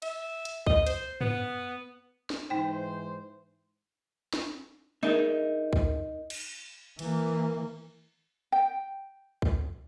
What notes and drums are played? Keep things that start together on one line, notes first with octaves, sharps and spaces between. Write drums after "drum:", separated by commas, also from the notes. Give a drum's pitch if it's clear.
E5, drum: cymbal
drum: hi-hat
D#5, drum: kick
C5, drum: hi-hat
B3, drum: tom
drum: snare
G#2 E3 D#4 C5 G5
drum: snare
D#4 G#4 A#4 E5
drum: kick
drum: cymbal
E3 A#3, drum: cymbal
G5
drum: kick